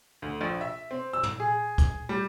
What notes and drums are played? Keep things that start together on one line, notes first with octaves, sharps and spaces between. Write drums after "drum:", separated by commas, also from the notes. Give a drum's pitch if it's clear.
D2
A#1
E5
C4
E6
drum: tom
G#4
drum: kick, hi-hat
G3